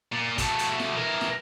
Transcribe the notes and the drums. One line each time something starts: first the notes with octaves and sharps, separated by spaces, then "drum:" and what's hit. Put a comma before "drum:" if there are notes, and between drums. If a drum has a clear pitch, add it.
A#2
F#3 A3, drum: kick, hi-hat
drum: hi-hat
drum: snare
E3 A#4
drum: snare